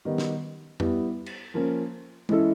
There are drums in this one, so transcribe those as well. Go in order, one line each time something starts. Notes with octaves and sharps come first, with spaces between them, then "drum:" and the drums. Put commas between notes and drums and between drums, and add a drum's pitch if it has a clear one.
D#3 G3 B3
drum: snare
G3 B3 E4, drum: tom
drum: cymbal
F3 A#3 C#4
E3 G#3 C#4 E4 A4, drum: tom